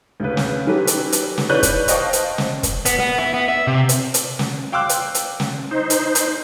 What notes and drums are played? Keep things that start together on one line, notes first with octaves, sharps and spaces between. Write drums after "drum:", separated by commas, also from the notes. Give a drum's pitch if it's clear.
D2 C#3 B4
drum: snare
D#3 F#3 C#4 G4 A4 B4
drum: hi-hat
drum: hi-hat
drum: snare
B4 C#5 D5 F#6 G6
drum: kick, hi-hat
C5 D#5 F5 G5 A5 C#6, drum: hi-hat
drum: hi-hat
drum: snare
drum: kick, hi-hat
B3, drum: hi-hat
B3
E4
B3
E5
C3
drum: hi-hat
drum: hi-hat
drum: snare
F5 G5 C6 D6 E6 F#6
drum: hi-hat
drum: hi-hat
drum: snare
D#4 C5
drum: hi-hat
drum: hi-hat